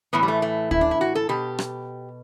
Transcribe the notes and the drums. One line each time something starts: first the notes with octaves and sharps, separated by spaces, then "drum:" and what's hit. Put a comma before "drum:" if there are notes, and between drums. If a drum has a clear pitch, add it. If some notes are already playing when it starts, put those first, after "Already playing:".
A2 E3 B3
G3
A3
A3
E4, drum: kick
D4
E4
F#4
A4
B2 G4
drum: rim click